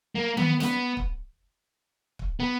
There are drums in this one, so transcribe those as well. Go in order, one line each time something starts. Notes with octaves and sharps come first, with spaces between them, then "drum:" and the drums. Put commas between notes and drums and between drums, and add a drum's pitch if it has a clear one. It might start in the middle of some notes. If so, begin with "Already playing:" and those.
A#3
B3, drum: tom D#3
B3, drum: snare
drum: kick
drum: kick
B3